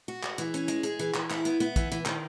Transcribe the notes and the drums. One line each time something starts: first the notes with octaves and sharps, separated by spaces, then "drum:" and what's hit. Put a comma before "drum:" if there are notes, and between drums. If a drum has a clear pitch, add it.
F#4
G#3, drum: clap
E3, drum: hi-hat
C#4, drum: hi-hat
G#3, drum: hi-hat
G#4, drum: hi-hat
E3, drum: hi-hat
E3, drum: clap
E4, drum: clap
B3, drum: hi-hat
B3, drum: hi-hat
E3, drum: kick, hi-hat
E3, drum: hi-hat
D#3, drum: clap